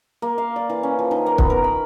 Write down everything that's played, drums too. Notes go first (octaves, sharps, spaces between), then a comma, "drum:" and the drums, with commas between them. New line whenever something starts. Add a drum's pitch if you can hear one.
A#3
F5
D5
E3
C#4
F3
D#3
A#3
B3, drum: kick
A#4
B5